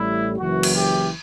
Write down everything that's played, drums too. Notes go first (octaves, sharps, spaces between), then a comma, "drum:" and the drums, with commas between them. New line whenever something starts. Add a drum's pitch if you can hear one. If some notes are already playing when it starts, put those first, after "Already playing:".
Already playing: A1 A2 G3 E4
F#1 F#2 E3 F#4
drum: cymbal
G4